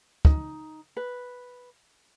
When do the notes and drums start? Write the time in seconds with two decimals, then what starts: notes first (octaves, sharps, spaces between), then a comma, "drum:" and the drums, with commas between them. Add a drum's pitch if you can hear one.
0.25 D#4, drum: kick
0.97 B4